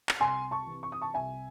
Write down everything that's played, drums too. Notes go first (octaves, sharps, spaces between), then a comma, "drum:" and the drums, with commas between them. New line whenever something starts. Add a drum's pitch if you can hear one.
drum: clap
C2 G#5 C6
A5 C#6
C3 E3
C#6
D#6
A5 C#6
C2 E5 G#5